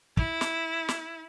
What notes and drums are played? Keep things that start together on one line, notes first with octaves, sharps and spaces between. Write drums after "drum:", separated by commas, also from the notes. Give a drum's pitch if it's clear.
E4, drum: kick
drum: snare
drum: snare